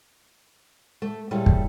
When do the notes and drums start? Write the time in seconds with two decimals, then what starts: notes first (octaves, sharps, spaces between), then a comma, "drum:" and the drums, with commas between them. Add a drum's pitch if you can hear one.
1.02 A3
1.31 A#2 G3 E4 G#4 A4 C#5
1.46 drum: kick